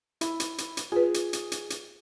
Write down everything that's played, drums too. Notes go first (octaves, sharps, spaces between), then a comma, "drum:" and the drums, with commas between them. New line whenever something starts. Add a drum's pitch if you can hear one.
E4, drum: hi-hat
drum: hi-hat
drum: hi-hat
drum: hi-hat
F4 G#4 B4
drum: hi-hat
drum: hi-hat
drum: hi-hat
drum: hi-hat